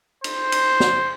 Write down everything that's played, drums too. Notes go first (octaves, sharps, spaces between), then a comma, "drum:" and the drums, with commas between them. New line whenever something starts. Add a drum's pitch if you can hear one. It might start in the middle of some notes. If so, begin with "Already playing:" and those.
C5, drum: cymbal
drum: cymbal
drum: snare